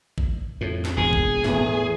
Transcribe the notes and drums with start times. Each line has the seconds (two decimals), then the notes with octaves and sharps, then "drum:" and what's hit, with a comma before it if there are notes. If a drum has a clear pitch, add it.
0.18 drum: kick A1
0.61 F2 A2
0.85 drum: snare
0.97 E1 A#2 G#4
1.13 drum: kick A1
1.44 E2 A2, drum: snare